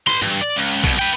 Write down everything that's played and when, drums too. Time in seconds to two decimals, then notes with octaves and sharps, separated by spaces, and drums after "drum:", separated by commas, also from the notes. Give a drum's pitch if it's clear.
0.07 B4 C6, drum: rim click
0.22 G2, drum: tom
0.41 D5
0.56 C#2
0.84 C2 B2, drum: kick A#1
0.99 B4 G5